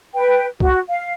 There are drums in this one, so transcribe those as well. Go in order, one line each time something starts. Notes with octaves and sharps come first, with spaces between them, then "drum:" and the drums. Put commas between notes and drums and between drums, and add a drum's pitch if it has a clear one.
B4 G5
F#4, drum: kick
F5